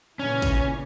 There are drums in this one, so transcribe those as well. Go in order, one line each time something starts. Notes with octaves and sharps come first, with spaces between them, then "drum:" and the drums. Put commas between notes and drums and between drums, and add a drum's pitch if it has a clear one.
A#2 C#3 E3 C#4
drum: kick, hi-hat